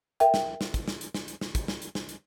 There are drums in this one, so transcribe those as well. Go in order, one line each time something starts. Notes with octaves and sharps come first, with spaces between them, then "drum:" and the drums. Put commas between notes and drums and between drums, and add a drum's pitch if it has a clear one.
A#4 E5 G5, drum: hi-hat
drum: snare
drum: snare
drum: kick, hi-hat
drum: snare
drum: hi-hat
drum: snare
drum: hi-hat
drum: snare
drum: kick, hi-hat
drum: snare
drum: hi-hat
drum: snare
drum: hi-hat